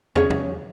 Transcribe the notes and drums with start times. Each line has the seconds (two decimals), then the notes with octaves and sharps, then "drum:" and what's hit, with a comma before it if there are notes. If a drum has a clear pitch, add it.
0.15 C#4 G#4 C#5, drum: tom
0.30 drum: tom